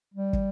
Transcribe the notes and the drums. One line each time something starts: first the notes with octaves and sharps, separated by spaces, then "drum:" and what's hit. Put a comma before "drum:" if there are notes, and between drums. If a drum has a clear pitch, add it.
G3
drum: kick